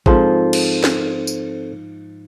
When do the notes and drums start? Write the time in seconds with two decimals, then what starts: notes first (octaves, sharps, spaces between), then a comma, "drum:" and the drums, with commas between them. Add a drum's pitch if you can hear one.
0.06 G#2 F3 C4 A4 C5, drum: kick A1
0.53 drum: cymbal
0.84 drum: snare
1.27 drum: tambourine